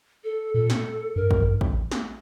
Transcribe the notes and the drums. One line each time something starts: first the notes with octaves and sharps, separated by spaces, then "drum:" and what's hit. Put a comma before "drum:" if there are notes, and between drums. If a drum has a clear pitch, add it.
A4
A#2 A4
drum: snare
G2 A#4
drum: kick A1
drum: kick A1
drum: snare